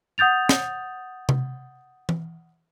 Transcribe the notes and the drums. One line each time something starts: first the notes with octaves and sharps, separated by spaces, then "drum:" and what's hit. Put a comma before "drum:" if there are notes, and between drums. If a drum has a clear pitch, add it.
F#5 D#6 G6 A6 F7
drum: snare
drum: tom C3
drum: tom